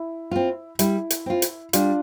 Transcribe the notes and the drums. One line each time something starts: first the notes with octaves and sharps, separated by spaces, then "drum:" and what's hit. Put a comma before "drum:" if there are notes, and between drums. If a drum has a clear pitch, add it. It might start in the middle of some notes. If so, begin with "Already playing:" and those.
Already playing: E4
C4 F4
G3 E4, drum: hi-hat
drum: hi-hat
C4 F4
drum: hi-hat
G3 D4 F4, drum: hi-hat